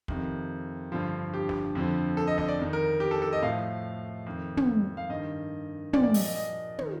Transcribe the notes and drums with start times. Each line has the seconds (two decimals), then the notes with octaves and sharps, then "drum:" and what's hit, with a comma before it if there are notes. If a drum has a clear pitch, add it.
0.08 F2 C3 D#3, drum: kick
0.92 G2 D3 F3
1.34 G4
1.49 drum: snare
1.75 F2 D3 F3
2.17 A4
2.27 D#5
2.38 D#5, drum: snare
2.48 D5
2.59 F2 D#3
2.73 A#4
3.00 G4
3.11 A4
3.22 A4
3.33 D#5
3.42 A2 F3 F5
4.26 F2 D#3
4.57 drum: tom
4.97 F5
5.09 G2 D#3 D#5
5.93 A#2 F3 D5, drum: tom
6.03 D5
6.14 D#5, drum: open hi-hat
6.25 D#5
6.35 D#5
6.79 D#3, drum: tom